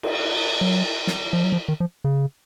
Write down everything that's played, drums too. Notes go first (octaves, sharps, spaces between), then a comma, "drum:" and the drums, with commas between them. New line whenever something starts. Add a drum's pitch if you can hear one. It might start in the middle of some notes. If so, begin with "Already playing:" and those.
drum: cymbal
F#3
drum: snare
F3
F#3
F3
D#3
F3
C#3